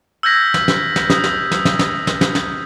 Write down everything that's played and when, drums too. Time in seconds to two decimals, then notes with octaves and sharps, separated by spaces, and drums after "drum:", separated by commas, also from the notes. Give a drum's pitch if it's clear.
0.23 E6 F6 G6 G#6 A#6 B6
0.54 drum: snare
0.68 drum: snare
0.96 drum: snare
1.10 D#6, drum: snare
1.24 drum: snare
1.51 drum: snare
1.65 drum: snare
1.79 drum: snare
2.07 drum: snare
2.21 drum: snare
2.35 drum: snare